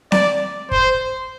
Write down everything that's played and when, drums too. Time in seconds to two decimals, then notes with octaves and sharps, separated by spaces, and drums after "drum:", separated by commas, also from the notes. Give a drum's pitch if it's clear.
0.12 D5, drum: snare C4
0.71 C5, drum: kick